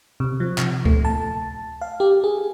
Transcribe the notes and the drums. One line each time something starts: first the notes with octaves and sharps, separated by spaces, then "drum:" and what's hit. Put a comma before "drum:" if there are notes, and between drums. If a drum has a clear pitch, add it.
C3
F3
C3, drum: clap
A3, drum: kick C#2
A5
F5
G4
G#4